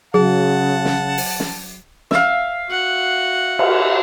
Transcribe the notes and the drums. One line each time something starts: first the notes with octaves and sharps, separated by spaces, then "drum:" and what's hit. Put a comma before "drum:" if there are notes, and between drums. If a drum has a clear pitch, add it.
C#3 F#3 G#4 F#5 A5
drum: snare
drum: open hi-hat
drum: snare
E5 F5, drum: snare
F#4 F#5
drum: cymbal